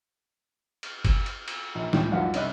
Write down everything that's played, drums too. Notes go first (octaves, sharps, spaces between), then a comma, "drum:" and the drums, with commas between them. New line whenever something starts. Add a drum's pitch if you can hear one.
drum: cymbal
drum: kick F#1, cymbal
drum: cymbal
drum: cymbal
A#1
C#2 A2 E4 G5, drum: snare
C#2 F#2 F3 D5 F5 F#5
C2 C#4 D#5 E5 B5 F#6, drum: cymbal